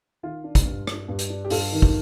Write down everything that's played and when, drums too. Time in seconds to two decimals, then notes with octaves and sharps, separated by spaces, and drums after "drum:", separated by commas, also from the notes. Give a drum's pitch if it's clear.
0.23 D#3 F4
0.44 D4
0.55 drum: kick, hi-hat
0.65 G2
0.87 D4, drum: rim click
1.08 G2
1.19 drum: hi-hat
1.30 D4
1.45 G4
1.50 G2 F4 A4, drum: open hi-hat
1.72 D#3
1.82 drum: kick